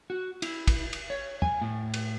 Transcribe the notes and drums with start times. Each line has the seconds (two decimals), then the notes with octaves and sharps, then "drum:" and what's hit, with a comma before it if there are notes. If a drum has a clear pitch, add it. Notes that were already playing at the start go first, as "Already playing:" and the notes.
0.10 F#4
0.42 E4, drum: cymbal
0.68 drum: kick, cymbal
0.93 drum: cymbal
1.10 C#5
1.42 G#5, drum: tom
1.62 A2
1.94 drum: cymbal